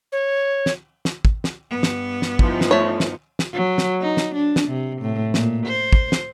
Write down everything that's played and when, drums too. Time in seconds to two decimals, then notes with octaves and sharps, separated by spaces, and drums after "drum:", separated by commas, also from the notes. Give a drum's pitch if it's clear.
0.12 C#5
0.66 drum: snare
1.05 drum: snare
1.25 drum: kick
1.44 drum: snare
1.70 G2 B3
1.83 drum: snare
2.22 drum: snare
2.39 E3 F3 D#4, drum: kick
2.61 drum: snare
2.71 A3 C#5
3.00 drum: snare
3.39 drum: snare
3.53 F#3
3.78 drum: snare
4.01 D#4
4.17 drum: snare
4.35 D4
4.56 drum: snare
4.69 C3
5.02 A2
5.34 A#2, drum: snare
5.66 C5
5.93 drum: kick
6.12 drum: snare